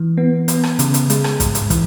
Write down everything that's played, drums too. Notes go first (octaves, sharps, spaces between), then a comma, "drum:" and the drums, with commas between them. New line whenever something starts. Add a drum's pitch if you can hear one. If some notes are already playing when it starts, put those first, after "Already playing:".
Already playing: E3
B3
B3, drum: hi-hat
drum: rim click
C#3, drum: hi-hat
drum: hi-hat
G#3, drum: hi-hat
drum: rim click
G#2, drum: kick, hi-hat
drum: hi-hat
E3, drum: kick, hi-hat